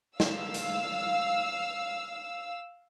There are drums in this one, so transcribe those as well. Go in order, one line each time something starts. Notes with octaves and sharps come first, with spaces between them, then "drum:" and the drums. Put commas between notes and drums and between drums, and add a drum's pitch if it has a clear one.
F5 E6, drum: snare
drum: hi-hat